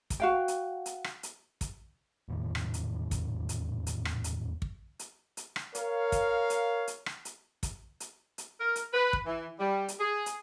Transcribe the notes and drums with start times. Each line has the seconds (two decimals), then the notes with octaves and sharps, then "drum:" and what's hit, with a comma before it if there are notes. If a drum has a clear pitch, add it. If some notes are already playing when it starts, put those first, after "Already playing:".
0.10 drum: kick, hi-hat
0.20 F#4 F5 G5
0.48 drum: hi-hat
0.86 drum: hi-hat
1.04 drum: rim click
1.23 drum: hi-hat
1.61 drum: kick, hi-hat
2.28 D#1 E2 A2 D#3
2.55 drum: rim click
2.74 drum: hi-hat
3.11 drum: kick, hi-hat
3.49 drum: hi-hat
3.87 drum: hi-hat
4.05 drum: rim click
4.24 drum: hi-hat
4.62 drum: kick
4.99 drum: hi-hat
5.37 drum: hi-hat
5.56 drum: rim click
5.75 A#4 C#5 F5, drum: hi-hat
6.12 drum: kick, hi-hat
6.50 drum: hi-hat
6.87 drum: hi-hat
7.06 drum: rim click
7.25 drum: hi-hat
7.63 drum: kick, hi-hat
8.00 drum: hi-hat
8.38 drum: hi-hat
8.60 A#4
8.76 drum: hi-hat
8.93 B4
9.13 drum: kick
9.26 E3
9.59 G3
9.88 drum: hi-hat
10.00 G#4
10.26 drum: hi-hat